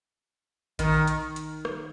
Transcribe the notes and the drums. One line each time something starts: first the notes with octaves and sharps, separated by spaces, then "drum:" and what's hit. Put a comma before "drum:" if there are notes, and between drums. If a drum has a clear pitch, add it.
D#3, drum: kick A#1, hi-hat
drum: hi-hat
drum: hi-hat
drum: rim click